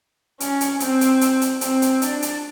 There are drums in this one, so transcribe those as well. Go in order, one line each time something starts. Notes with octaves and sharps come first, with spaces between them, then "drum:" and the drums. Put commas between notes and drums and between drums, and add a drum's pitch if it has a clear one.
C#4, drum: hi-hat
drum: hi-hat
C4, drum: hi-hat
drum: hi-hat
drum: hi-hat
drum: hi-hat
C4, drum: hi-hat
drum: hi-hat
D4, drum: hi-hat
drum: hi-hat